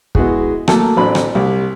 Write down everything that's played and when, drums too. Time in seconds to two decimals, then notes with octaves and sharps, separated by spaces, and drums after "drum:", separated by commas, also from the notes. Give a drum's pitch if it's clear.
0.15 G#3 B3 E4 F#4 G#4, drum: kick
0.68 F#3 A3 A#3 A5, drum: rim click
0.96 A1 F#3 C4 D4 B5
1.15 drum: rim click
1.35 C2 G3